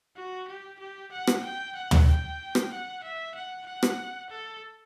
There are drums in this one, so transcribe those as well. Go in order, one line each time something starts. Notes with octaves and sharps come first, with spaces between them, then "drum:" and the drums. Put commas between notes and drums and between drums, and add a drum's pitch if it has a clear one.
F#4
G4
G4
F#5
drum: rim click
G5
F#5
drum: tom
G5
drum: rim click
F#5
E5
F#5
F#5
drum: rim click
A4